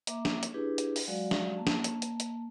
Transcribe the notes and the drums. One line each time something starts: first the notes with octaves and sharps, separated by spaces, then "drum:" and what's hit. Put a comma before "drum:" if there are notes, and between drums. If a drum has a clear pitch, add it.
A#3 E5 A#5 D6, drum: hi-hat
drum: snare
drum: hi-hat
D4 E4 G4 G#4 B4
drum: hi-hat
drum: open hi-hat
F#3 G#3 F#4 D5 F5
drum: snare
A#3 A5
drum: snare
drum: hi-hat
drum: hi-hat
drum: hi-hat